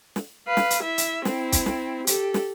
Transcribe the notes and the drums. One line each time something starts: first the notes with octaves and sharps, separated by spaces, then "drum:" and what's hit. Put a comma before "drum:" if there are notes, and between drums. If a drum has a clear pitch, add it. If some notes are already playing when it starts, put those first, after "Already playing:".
drum: snare
B4 F5
drum: snare
drum: hi-hat
E4 E5
drum: hi-hat
C4 E4, drum: snare
drum: kick, hi-hat
drum: snare
G4 A4, drum: hi-hat
drum: snare